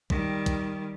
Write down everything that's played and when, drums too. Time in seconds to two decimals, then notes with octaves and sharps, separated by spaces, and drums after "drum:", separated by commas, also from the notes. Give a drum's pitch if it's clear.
0.10 D#3 G3, drum: kick
0.46 drum: kick, hi-hat